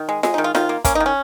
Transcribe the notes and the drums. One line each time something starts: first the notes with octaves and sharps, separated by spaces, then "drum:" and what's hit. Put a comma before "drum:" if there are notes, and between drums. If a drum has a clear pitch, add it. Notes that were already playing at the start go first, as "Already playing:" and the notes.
Already playing: D#3
G#3
G#3, drum: snare F4
D#4
D#3
F4
D#3 F4, drum: snare F4
A#3
A#3 C#4, drum: kick, hi-hat
D#4
D#3
C#4